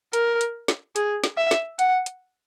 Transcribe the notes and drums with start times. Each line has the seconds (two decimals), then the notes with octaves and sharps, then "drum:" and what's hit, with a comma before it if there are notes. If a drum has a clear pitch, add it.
0.13 A#4, drum: hi-hat
0.41 drum: hi-hat
0.68 drum: snare
0.96 G#4, drum: hi-hat
1.24 drum: snare
1.38 E5
1.51 drum: snare
1.79 F#5, drum: hi-hat
2.06 drum: hi-hat